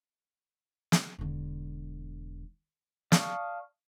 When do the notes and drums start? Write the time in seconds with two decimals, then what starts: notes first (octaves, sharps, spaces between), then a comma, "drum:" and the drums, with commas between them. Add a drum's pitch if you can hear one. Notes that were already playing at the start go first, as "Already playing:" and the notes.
0.92 drum: snare
1.18 E1 D3
3.12 D5 F5 A5 C#6 D#6, drum: snare